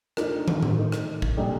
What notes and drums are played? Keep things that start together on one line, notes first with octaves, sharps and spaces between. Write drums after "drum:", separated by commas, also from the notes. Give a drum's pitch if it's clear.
A3 D4 D#4 F4 A#4, drum: rim click
drum: tom
drum: tom
A3 D#4 A#4
drum: rim click
drum: kick
A#2 G3 D4 D#4 G4 A4